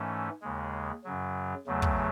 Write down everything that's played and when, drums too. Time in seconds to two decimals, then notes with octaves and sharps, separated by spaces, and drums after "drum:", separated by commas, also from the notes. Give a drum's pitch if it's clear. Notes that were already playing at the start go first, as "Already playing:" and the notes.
Already playing: G#2 E3 A3 C#4
0.42 D#2 C#3 G#3
1.04 F#2 C#3 F#3
1.67 E2 C#3 F#3 A3
1.82 drum: kick